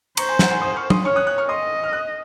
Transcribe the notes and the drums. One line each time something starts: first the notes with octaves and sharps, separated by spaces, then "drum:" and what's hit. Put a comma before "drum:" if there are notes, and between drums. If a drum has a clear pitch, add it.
C5 A#5 C#6, drum: cymbal
G#5 C6
F#5 A#5, drum: snare
G#5 C6
C6 D#6
C#6 F6
C6 D#6, drum: tom
C#5 C#6 F6
D#6 F#6
D#6 F#6
C#6 F6
D#5 C6 D#6
F6
D#6 F#6